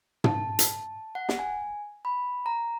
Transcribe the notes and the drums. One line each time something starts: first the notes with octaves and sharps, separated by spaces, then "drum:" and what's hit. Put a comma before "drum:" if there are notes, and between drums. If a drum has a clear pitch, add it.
A5, drum: tom
drum: hi-hat
F#5
drum: snare
G#5
B5
A#5